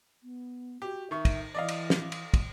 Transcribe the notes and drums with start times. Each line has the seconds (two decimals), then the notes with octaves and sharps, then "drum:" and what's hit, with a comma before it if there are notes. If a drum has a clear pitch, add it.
0.23 B3
0.82 F#4 G4
1.11 D#3 E5 C#6
1.25 drum: kick, cymbal
1.55 E3 D5 D#5 F5
1.68 drum: cymbal
1.90 drum: snare
2.12 drum: cymbal
2.34 drum: kick, cymbal